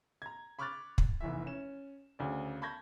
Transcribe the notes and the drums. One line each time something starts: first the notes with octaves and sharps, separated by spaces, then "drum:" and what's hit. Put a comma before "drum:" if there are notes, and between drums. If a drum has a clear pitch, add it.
A#5 G#6
B5 C#6 D6 F6 F#6 A6
drum: kick
F1 E2 E3 E5
C#4 E7
D2 C#3 D5
A5 B5 C#6 G6 G#6 A#6